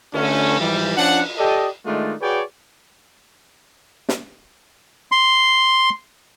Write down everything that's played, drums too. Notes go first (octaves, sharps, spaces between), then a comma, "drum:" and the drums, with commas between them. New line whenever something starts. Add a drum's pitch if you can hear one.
D3 A3 C#4, drum: cymbal
G#2 E3 F3 G3
F3 C#4 D4 F#5
G4 A4 D5 D#5
D#3 G#3 A3 D4 D#4 F4
F#4 G#4 B4 C#5 D5 G5
drum: snare
C6